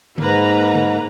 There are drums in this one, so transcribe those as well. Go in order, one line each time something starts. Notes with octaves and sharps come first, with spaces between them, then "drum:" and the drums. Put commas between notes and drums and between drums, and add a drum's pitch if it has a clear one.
G#2 A#3 B4 A#5, drum: tom D3
drum: tom D3